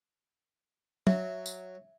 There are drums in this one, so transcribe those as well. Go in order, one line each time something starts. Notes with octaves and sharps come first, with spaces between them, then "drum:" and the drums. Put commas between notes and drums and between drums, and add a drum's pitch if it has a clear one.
F#3 E5, drum: tom
drum: tambourine